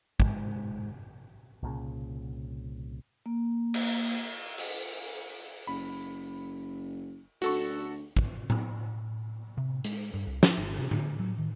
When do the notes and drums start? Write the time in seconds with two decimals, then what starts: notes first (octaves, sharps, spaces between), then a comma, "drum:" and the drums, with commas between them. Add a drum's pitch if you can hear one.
0.20 G#2 G#3, drum: kick
1.63 C2 A#2 C#3
3.26 A#3
3.74 drum: cymbal
4.58 drum: open hi-hat
5.67 F#1 B5
7.42 D2 F#4 A4 C#6, drum: hi-hat
8.17 drum: kick
8.50 drum: tom A2
9.57 C3
9.84 G#3, drum: hi-hat
10.14 G2
10.27 C2
10.43 F3, drum: snare
10.58 G1
10.79 C3
10.91 D3, drum: tom A2
11.20 F#3
11.38 D#3